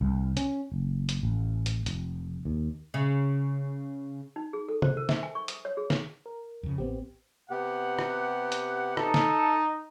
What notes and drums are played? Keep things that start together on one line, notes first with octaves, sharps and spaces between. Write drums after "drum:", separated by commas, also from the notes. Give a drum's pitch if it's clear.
C2
C#4, drum: hi-hat
F#1
drum: hi-hat
A1
drum: hi-hat
F1, drum: hi-hat
D#2
C#3
D#4
G#4
A4
C5, drum: tom C3
A#4
E5, drum: snare
G#5
C#6
D#6, drum: hi-hat
C#5
G#4
drum: snare
A#4
F2 C#3
A1 B3 C4 G4
C3 B3 G4 F#5
drum: rim click
drum: hi-hat
D#4 A4, drum: rim click
drum: snare